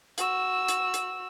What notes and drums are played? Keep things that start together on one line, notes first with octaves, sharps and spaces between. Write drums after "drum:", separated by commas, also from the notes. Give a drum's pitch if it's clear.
F#4 E6, drum: hi-hat
drum: hi-hat
drum: hi-hat